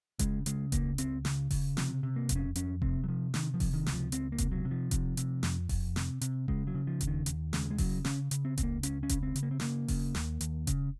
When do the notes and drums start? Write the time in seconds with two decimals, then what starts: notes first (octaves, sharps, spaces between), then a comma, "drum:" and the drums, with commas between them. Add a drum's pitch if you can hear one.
0.19 C#3 G#3, drum: kick E1, hi-hat
0.46 C#3 G#3, drum: hi-hat
0.72 C#2 A#3, drum: kick E1, hi-hat
0.98 C#2 C4, drum: hi-hat
1.25 C#3, drum: snare
1.51 C#3, drum: kick E1, open hi-hat
1.77 C3 F3, drum: snare
2.03 C3
2.16 A#3
2.29 F2, drum: kick E1, hi-hat
2.36 C#4
2.56 F2 C#4, drum: hi-hat
2.82 C3 C4, drum: kick E1
3.04 F#3
3.08 C3 F3
3.34 C3 D#3, drum: snare
3.54 F3
3.60 C3, drum: kick E1, open hi-hat
3.73 D#3
3.86 C#2, drum: snare
3.93 F3
4.12 C#2 C4, drum: hi-hat
4.32 A#3
4.38 C3, drum: kick E1, hi-hat
4.52 F#3
4.65 C3
4.71 F3
4.91 C3, drum: kick E1, hi-hat
5.17 C3, drum: hi-hat
5.43 F2, drum: snare
5.69 F2, drum: kick E1, open hi-hat
5.96 C3, drum: snare
6.21 C3, drum: hi-hat
6.48 C#3 G#3, drum: kick E1
6.67 F#3
6.75 C#3
6.87 F3
7.01 D#2, drum: kick E1, hi-hat
7.07 D#3
7.26 D#2, drum: hi-hat
7.53 C#3 G#3, drum: snare
7.70 G#3
7.78 C#3 F#3, drum: kick E1, open hi-hat
8.05 C#3 C#4, drum: snare
8.31 C#3, drum: hi-hat
8.45 C4
8.58 C#2 C4, drum: kick E1, hi-hat
8.63 A#3
8.83 C#2 C#4, drum: hi-hat
9.03 C#4
9.09 C#3, drum: kick E1, hi-hat
9.23 C4
9.36 C#3, drum: hi-hat
9.43 A#3
9.51 C4
9.60 C#3 A#3, drum: snare
9.88 C#3, drum: kick E1, open hi-hat
10.15 D#2, drum: snare
10.41 D#2, drum: hi-hat
10.67 C#3, drum: kick E1, hi-hat